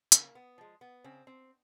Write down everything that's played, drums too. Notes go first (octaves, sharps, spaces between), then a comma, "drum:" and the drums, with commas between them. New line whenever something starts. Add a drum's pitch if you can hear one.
C#3 A#3, drum: hi-hat
B3
F3 G#3
B3
C#3 C4
C4